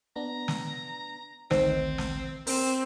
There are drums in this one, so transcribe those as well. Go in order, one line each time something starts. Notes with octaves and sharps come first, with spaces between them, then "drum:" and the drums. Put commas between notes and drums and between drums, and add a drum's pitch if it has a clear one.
B3 D4 A#5
drum: snare
A1 D2 D#3 C4 B4 C5 D#5, drum: snare
drum: snare
C4 A#4, drum: open hi-hat